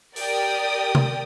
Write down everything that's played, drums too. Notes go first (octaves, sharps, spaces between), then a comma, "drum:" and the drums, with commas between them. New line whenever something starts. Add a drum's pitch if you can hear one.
G4 A#4 D5 G5 D#6, drum: open hi-hat
drum: tom C3